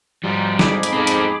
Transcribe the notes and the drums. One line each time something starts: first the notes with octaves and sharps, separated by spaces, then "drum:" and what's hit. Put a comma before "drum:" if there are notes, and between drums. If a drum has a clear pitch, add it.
G#2 F3 G3
F2 G#2 D#4 G#4 B5 D6, drum: snare
drum: hi-hat
C4 A4
drum: hi-hat